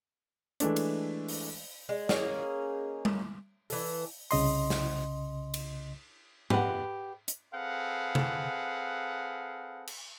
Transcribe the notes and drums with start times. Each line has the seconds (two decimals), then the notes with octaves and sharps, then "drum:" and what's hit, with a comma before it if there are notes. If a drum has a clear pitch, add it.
0.60 E3 G#3 A3 D4, drum: hi-hat
0.76 drum: cymbal
1.28 drum: open hi-hat
1.89 G#3
2.09 A#3 C#4 D#4 G#4, drum: snare
3.05 drum: tom G3
3.70 E3 A4, drum: open hi-hat
4.31 C2 C#3 D#5 C6, drum: open hi-hat
4.70 drum: snare
5.54 drum: cymbal
6.50 G4 B4 D#5 F#5, drum: tom G#2
7.28 drum: hi-hat
7.53 C4 G#4 A4 B4 F5 F#5
8.15 drum: tom C3
9.87 drum: cymbal